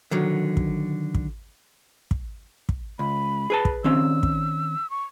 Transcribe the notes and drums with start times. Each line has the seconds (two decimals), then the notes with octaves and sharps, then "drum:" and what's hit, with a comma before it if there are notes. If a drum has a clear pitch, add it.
0.11 D3 D#3 F#3
0.57 drum: kick
1.15 drum: kick
2.11 drum: kick
2.69 drum: kick
2.99 C#2 B5
3.50 G#4 B4 A5
3.65 drum: kick
3.84 D#3 C4 C#4 E6
4.23 drum: kick
4.90 C#6